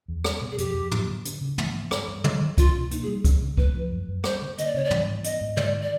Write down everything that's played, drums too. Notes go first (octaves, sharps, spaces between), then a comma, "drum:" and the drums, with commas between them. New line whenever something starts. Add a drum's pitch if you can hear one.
E2
G3, drum: rim click
B2
G#4
F2 G4, drum: hi-hat
F2
F#3, drum: tom
D3
D4, drum: hi-hat
C#3
A3, drum: tom
E3
G2, drum: rim click
G2
F#3, drum: tom
D#3
B2 F4, drum: kick C2, hi-hat
B2
A#3 D#4, drum: hi-hat
G#4
G3
C#4, drum: kick C2, hi-hat
C#3
A3 B4, drum: kick C2
F3
F#2
F#2
G3 C5, drum: rim click
D3
A#3 D#5, drum: hi-hat
D5
C#3 C#5
D5
G3, drum: tom
E3
B3 D#5, drum: hi-hat
G#2
G#3 D5, drum: tom
D#3
D5